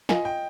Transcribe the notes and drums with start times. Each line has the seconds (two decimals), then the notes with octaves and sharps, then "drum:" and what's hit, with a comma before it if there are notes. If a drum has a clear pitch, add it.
0.09 F4 A#4 D#5 F5 G#5, drum: snare
0.25 G5